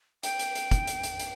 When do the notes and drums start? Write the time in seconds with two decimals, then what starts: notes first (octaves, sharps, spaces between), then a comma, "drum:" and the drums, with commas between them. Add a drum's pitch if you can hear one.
0.23 G5, drum: hi-hat
0.39 drum: hi-hat
0.55 drum: hi-hat
0.71 drum: kick, hi-hat
0.87 drum: hi-hat
1.03 drum: hi-hat
1.19 drum: hi-hat